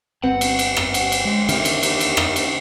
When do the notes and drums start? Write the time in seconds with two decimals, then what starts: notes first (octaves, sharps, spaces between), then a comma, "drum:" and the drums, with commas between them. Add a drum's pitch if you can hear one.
0.23 G1 B3 C4 F#5
0.41 drum: cymbal
0.59 drum: cymbal
0.77 drum: rim click
0.94 drum: cymbal
1.12 drum: cymbal
1.25 G#3
1.49 D3 C4 D#4 G4 A#4 E5 F6, drum: cymbal
1.65 drum: cymbal
1.83 drum: cymbal
2.00 drum: cymbal
2.17 D#6, drum: rim click
2.36 drum: cymbal